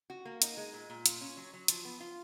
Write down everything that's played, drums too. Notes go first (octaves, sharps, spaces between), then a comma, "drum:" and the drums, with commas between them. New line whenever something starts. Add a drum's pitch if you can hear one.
F#4
A#3
D#4, drum: hi-hat
G#3
A#2
A#2
F4, drum: hi-hat
C#4
F#3
F#3
F3, drum: hi-hat
B3
F4